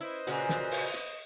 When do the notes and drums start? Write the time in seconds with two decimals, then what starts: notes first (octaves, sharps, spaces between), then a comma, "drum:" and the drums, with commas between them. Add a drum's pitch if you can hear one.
0.01 E4 B4 C5 D#5
0.27 A#2 C#3 F#4, drum: hi-hat
0.49 drum: snare
0.72 drum: open hi-hat
0.94 drum: hi-hat